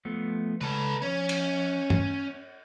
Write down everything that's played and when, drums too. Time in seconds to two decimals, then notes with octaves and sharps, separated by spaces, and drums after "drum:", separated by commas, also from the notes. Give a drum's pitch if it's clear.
0.05 F3 A3 B3
0.61 C#3 G#3 A4 B4 A5
1.03 F3 C#4
1.29 drum: cymbal
1.90 C#5, drum: tom G2